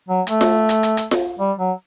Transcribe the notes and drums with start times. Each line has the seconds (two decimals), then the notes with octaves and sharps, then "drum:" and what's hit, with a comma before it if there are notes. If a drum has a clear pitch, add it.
0.08 F#3
0.27 A3, drum: hi-hat
0.41 drum: snare F4
0.69 drum: hi-hat
0.83 drum: hi-hat
0.97 drum: hi-hat
1.11 drum: snare F4
1.39 G3
1.59 F#3